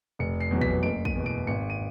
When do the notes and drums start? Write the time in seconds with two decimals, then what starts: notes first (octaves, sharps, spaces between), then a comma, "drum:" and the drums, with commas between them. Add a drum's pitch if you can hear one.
0.19 F1 C#7
0.41 C7
0.51 E2 B2 F#3
0.61 B6, drum: kick
0.83 F#1 D7
1.05 D#7, drum: kick
1.15 E2 B2
1.26 D7
1.47 G#1 C#7
1.70 D#7